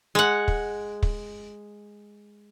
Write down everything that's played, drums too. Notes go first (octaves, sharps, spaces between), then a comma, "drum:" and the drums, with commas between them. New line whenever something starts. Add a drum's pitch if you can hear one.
G#3 F#5
drum: kick
drum: kick